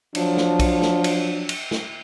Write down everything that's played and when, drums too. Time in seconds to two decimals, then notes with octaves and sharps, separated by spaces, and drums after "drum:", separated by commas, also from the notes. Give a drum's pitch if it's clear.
0.15 F3 F#3 D4, drum: cymbal
0.37 drum: snare
0.59 drum: kick B1, cymbal
0.82 drum: snare
1.04 drum: cymbal
1.49 drum: cymbal
1.71 drum: snare